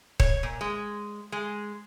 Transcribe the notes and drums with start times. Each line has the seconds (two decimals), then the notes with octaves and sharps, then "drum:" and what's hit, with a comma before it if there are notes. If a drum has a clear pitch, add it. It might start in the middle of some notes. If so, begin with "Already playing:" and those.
0.20 C#5, drum: kick D#1
0.43 A#2
0.61 G#3
1.32 G#3